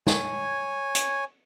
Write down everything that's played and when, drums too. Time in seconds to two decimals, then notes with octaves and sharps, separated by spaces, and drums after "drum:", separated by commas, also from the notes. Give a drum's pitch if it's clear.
0.07 C#5 G#5, drum: snare
0.95 drum: hi-hat